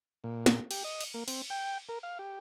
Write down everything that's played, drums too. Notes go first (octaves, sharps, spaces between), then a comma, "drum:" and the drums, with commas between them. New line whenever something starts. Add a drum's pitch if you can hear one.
A#2
drum: snare
G4, drum: cymbal
D#5
drum: cymbal
A#3
C4, drum: cymbal
G5
A#4
F5
G4